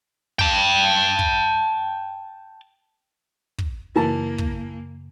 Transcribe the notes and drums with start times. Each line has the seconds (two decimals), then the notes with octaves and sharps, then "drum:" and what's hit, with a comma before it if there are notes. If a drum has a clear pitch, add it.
0.39 G5 A5, drum: kick
1.19 drum: kick
3.58 drum: kick
3.96 F#2 C#3 E3 A#3 A#4 A5
4.38 drum: kick